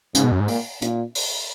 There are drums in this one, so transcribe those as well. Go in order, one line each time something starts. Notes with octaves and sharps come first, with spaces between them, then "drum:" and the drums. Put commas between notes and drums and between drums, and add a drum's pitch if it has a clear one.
G#2 C#3, drum: hi-hat
B2
F#2
G#2
A#2, drum: open hi-hat
A#2, drum: hi-hat
drum: open hi-hat